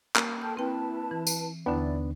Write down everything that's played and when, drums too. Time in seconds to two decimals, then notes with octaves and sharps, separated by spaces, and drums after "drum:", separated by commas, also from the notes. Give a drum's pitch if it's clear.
0.16 A#3, drum: clap
0.42 A4 G5 A5 G6
0.57 C4 E4 B4 G5 A5
1.11 E3
1.27 drum: tambourine
1.66 D#2 D3 B3 D4 E4 D5